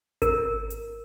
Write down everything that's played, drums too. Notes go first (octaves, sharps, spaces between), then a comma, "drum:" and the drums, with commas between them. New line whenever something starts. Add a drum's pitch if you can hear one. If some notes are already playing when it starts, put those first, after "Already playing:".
A#4, drum: kick G#1, hi-hat
drum: hi-hat